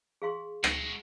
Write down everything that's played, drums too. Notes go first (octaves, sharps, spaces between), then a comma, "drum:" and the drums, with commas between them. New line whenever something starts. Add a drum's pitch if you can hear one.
G#4 F5 C6
G#3 F#4, drum: rim click